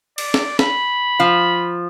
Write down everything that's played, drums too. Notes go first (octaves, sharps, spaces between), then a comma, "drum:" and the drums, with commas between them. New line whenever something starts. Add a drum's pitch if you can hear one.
D5, drum: cymbal
drum: snare
B5, drum: snare
F3 F5